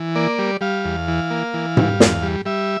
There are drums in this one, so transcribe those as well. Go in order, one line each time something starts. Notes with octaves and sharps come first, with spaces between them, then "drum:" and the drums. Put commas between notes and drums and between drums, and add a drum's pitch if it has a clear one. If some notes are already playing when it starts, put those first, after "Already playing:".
Already playing: E3
A#3 D5
G3
G3 F5
E2
E3
A#3
E3
G3, drum: tom G#2
E2, drum: snare
G3
G3 E5